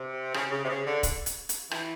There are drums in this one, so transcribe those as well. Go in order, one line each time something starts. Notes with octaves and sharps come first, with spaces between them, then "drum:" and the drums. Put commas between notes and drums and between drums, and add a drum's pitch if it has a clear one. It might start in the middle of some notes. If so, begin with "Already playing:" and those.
Already playing: C3
C#3, drum: rim click
C#3
C3
C#3
D3
drum: kick, hi-hat
drum: hi-hat
drum: hi-hat
E3, drum: rim click